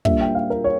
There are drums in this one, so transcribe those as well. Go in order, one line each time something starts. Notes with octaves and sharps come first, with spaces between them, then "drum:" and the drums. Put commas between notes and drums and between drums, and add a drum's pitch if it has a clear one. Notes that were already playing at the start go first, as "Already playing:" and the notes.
A#2 G3 A#3 D4 E5, drum: kick
G5
F5
A#4
C#5